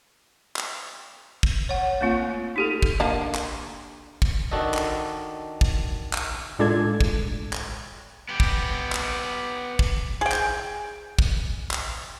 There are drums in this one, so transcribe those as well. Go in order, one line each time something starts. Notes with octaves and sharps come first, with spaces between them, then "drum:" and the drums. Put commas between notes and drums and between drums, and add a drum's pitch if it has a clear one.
drum: clap
drum: kick
C#5 F#5
A3 A#3 C4 F4
D#4 G4 A4
drum: kick
D3 A#3 A5
drum: clap
drum: kick
D#3 D4 F#4 A4 D#5
drum: clap
drum: kick
drum: clap
A2 G#3 D4 F4 A4 G#6
drum: kick
drum: clap
B3 G4
drum: kick
drum: clap
drum: kick
G#4 G5
drum: clap
drum: kick
drum: clap